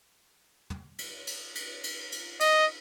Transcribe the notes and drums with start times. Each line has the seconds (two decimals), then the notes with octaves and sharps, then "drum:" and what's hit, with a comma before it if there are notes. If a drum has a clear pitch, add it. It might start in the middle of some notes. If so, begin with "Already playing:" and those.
0.70 drum: tom
0.99 drum: cymbal
1.27 drum: cymbal
1.55 drum: cymbal
1.84 drum: cymbal
2.12 drum: cymbal
2.40 D#5, drum: cymbal